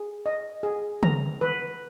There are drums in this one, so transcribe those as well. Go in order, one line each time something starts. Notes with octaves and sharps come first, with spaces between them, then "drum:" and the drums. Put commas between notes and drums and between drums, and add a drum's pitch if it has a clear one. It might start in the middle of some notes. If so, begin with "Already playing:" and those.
Already playing: G#4
D#5
G#4
A#5, drum: tom
B4